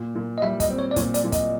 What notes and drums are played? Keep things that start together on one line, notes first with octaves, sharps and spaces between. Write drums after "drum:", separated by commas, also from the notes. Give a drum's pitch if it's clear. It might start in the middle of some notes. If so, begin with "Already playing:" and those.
Already playing: A#2
A#2
D#5
G3 E5
D#5, drum: kick, hi-hat
C4
C#5
D5
A#2 C#5, drum: kick, hi-hat
D5, drum: hi-hat
A#2
D#5, drum: kick, hi-hat